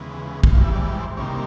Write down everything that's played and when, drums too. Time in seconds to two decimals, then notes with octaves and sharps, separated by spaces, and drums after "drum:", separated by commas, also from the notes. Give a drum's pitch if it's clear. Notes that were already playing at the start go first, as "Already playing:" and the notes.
Already playing: D#2 C#3 E3 G#3 B3
0.44 drum: kick
0.53 G#2 E3 G3 F5
0.64 E5
0.74 D5
0.85 B4
1.01 C5
1.17 C3 D#3 G3 A#3 C#5